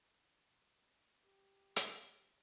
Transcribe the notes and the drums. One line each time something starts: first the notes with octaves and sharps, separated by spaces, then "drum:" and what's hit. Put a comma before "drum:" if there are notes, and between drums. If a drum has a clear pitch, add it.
G4
drum: hi-hat